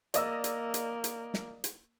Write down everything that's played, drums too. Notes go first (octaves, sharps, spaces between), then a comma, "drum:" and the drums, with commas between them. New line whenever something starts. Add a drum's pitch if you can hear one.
A#3 D5 D#5 E6, drum: hi-hat
drum: hi-hat
drum: hi-hat
drum: hi-hat
drum: snare
drum: hi-hat